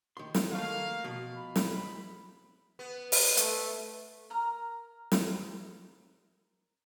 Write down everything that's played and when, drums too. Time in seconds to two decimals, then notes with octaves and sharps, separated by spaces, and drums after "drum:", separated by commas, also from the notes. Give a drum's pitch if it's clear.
0.17 D#3 C6
0.34 drum: snare
0.52 D#3 A3 A#3 F5
1.04 B2 F3
1.35 B5
1.56 drum: snare
2.79 B3
3.12 drum: open hi-hat
3.37 A3, drum: hi-hat
4.30 A#4 A#5 F6
5.12 drum: snare